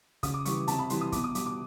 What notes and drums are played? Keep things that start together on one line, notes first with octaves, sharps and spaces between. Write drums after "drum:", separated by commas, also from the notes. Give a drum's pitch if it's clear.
C#3 D#6, drum: kick, hi-hat
D6
E3 G3 C#6, drum: hi-hat
C3 A5, drum: hi-hat
B5
E3 G3 C6, drum: hi-hat
D#6
B2 D6, drum: kick, hi-hat
D#6
G3 D6, drum: hi-hat
D6